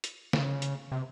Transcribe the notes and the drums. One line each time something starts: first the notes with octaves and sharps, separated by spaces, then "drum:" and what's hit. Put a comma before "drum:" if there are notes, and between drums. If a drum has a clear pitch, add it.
drum: hi-hat
C#3, drum: snare
drum: hi-hat
C3